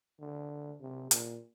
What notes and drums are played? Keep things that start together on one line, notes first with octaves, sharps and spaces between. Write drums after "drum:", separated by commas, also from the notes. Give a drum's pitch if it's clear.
D3
C3
A#2, drum: hi-hat